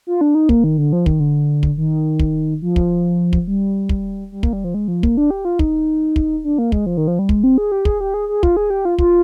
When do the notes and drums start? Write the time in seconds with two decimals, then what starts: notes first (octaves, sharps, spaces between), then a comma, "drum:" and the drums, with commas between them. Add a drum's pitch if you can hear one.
0.07 F4
0.21 D4
0.35 D#4
0.49 A#3, drum: kick
0.64 D#3
0.78 D3
0.93 F3
1.06 D#3, drum: kick
1.20 D3
1.63 drum: kick
1.77 D#3
2.19 drum: kick
2.62 F3
2.76 drum: kick
3.33 drum: kick
3.47 G3
3.89 drum: kick
4.32 G3
4.43 A#3, drum: kick
4.53 G3
4.64 F3
4.74 G#3
4.88 F3
5.03 A#3, drum: kick
5.17 D4
5.30 G4
5.45 F4
5.59 D#4, drum: kick
6.16 drum: kick
6.44 D4
6.58 A#3
6.72 G#3, drum: kick
6.86 F3
6.97 D#3
7.08 F3
7.19 G3
7.29 G#3, drum: kick
7.44 C4
7.58 G#4
7.72 G4
7.85 G#4, drum: kick
8.01 G4
8.14 G#4
8.29 G#4
8.43 F4, drum: kick
8.57 G#4
8.70 G4
8.85 F4
8.98 F4, drum: kick